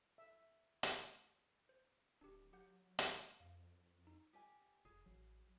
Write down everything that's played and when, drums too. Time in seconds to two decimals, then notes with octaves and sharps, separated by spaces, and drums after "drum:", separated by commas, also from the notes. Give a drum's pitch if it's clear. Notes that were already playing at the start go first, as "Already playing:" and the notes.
0.18 E5
0.83 drum: hi-hat
1.69 C5
2.21 D1 D4 G4
2.53 F#3 G4 F#5 G6
2.99 drum: hi-hat
3.40 F2 F5
4.07 D#4
4.33 G4 G#5
4.85 F1 G#4
5.06 A1 F#3